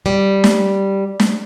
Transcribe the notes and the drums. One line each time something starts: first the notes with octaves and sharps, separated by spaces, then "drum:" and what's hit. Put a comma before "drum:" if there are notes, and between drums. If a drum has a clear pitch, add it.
G3
drum: snare
drum: snare